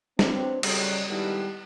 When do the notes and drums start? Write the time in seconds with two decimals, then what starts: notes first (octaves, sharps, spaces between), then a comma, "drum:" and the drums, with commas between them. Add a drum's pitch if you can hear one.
0.19 F#3 B3 C4 D4, drum: snare
0.63 C#3 F#3 G3 A3 C#4, drum: cymbal
1.08 D#3 G3 G#3 B3 E4 A4